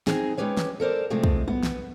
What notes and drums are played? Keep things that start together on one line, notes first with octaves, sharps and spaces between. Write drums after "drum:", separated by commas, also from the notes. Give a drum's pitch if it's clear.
C4 D#4 G#4 G#5, drum: snare
G#3 C#4 G4 B4 C#5
drum: snare
A4 A#4 C5 D5
C3 F3 G#3 A3 C4
drum: kick
B3, drum: tom
drum: snare